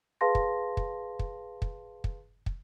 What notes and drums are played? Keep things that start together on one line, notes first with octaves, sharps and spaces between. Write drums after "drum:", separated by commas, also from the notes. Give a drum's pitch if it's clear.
G#4 B4 F5 A5 C6 A#6
drum: kick
drum: kick
drum: kick
drum: kick
drum: kick
drum: kick